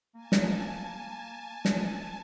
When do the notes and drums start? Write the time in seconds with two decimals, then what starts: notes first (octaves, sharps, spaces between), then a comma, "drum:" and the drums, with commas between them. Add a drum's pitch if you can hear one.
0.15 A#3 G#5 A5
0.32 drum: snare
1.65 drum: snare